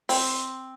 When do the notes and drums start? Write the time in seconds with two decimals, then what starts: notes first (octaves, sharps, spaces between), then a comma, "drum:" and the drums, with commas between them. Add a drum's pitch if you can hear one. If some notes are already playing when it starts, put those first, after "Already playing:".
0.09 C4, drum: open hi-hat